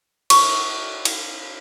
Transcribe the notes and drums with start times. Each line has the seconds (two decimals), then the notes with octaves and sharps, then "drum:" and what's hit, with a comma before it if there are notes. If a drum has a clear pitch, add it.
0.30 C#6, drum: cymbal
1.05 drum: cymbal